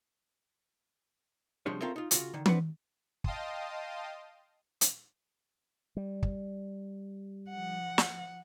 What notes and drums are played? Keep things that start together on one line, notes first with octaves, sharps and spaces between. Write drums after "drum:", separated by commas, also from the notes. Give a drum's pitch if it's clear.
C3 F3 G3 G#3 D4 C#5
C4 C#4 F4 A4 A#4 E5
D#4 F4
C#3 F4 F#4, drum: hi-hat
D3 D#3
C4 D4 B4 F#5, drum: tom
D#5 F5 G5 A5 C6 D#6, drum: kick
drum: hi-hat
G3
drum: kick
F3 F#5
drum: snare